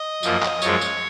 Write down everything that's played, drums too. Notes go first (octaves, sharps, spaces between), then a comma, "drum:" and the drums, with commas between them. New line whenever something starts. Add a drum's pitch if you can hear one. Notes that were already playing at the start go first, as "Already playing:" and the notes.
Already playing: D#5
F#2 F3 A#3, drum: tambourine
drum: clap
F#2 F3 G#3 C#5, drum: tambourine
drum: tambourine